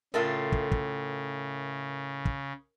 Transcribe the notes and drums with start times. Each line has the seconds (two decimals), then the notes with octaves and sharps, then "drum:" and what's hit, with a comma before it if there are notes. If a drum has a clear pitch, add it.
0.14 A2 C#3 A3 F4 A#4
0.52 drum: kick
0.72 drum: kick
2.25 drum: kick